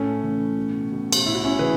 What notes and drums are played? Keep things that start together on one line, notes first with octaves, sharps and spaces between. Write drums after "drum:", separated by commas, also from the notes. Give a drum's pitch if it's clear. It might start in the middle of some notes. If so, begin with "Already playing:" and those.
Already playing: A2 A3 C#4
E3
B2
B2
drum: cymbal
A2 E4
F#4
C#4 E4
E3 G#4 B4